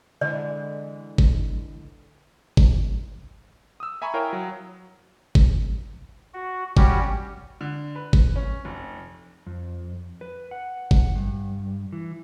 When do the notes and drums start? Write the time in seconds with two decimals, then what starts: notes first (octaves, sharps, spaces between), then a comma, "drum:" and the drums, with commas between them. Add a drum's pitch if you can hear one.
0.21 D3 E3 G#3 D5
1.18 drum: kick G1
2.57 drum: kick G1
3.80 D#6 E6
4.02 E5 G#5 A#5 B5 C#6
4.14 E4 A#4 C#5 F5 G5
4.33 F#3
5.35 drum: kick G1
6.34 F#4
6.77 G3 C#4 F#4 G4, drum: kick G1
7.61 D3
7.95 B4
8.13 drum: kick G1
8.36 C#4
8.65 F1
9.47 F2
10.21 B4
10.51 F#5
10.91 drum: kick G1
11.15 G2
11.92 E3